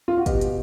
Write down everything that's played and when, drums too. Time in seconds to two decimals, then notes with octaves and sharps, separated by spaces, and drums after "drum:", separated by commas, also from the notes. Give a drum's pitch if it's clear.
0.08 F4
0.17 F#4
0.26 B2 G4, drum: kick, hi-hat
0.41 drum: hi-hat